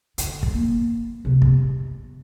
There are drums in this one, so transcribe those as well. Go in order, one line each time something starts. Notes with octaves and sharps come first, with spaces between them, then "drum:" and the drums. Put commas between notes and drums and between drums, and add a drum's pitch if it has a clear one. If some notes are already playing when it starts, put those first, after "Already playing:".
D3, drum: hi-hat
drum: kick
A#3 B3
C3 B3
drum: kick